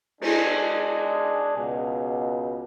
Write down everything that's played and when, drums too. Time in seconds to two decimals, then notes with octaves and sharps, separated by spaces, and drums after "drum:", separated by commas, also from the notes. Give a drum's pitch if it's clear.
0.21 G#3 D4 G#4, drum: cymbal
1.57 C#2 B2